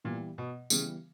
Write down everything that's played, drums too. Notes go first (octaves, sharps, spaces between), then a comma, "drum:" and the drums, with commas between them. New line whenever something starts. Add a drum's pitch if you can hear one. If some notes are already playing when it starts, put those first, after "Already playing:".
A#2 E3 G3 B3
B2
C#3 E3 G3 B3, drum: tambourine